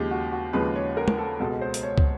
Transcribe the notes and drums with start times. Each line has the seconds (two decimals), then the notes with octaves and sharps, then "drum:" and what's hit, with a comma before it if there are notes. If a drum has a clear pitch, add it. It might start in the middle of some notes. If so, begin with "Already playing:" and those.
Already playing: D#2 C#3 F3 G#3 G4
0.11 F#4
0.32 F#4
0.53 D#2 C#3 F3 G#3 B4
0.76 C#5
0.97 A#4
1.08 drum: tom
1.18 A4
1.39 C#2 B2 G#3 A4
1.61 C5
1.74 drum: hi-hat
1.83 C#5
1.98 drum: kick